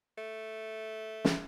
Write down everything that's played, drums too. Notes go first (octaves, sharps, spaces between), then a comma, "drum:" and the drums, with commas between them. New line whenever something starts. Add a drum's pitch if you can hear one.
A3
drum: snare